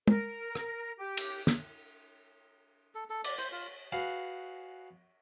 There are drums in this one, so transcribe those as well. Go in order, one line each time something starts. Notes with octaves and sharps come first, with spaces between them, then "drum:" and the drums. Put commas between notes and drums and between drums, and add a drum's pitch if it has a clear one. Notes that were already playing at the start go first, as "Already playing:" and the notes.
A#4, drum: tom
drum: rim click
G4
drum: cymbal
drum: snare
A4
A4
D5, drum: cymbal
C5, drum: hi-hat
F4
F#4 G#4 B4 F5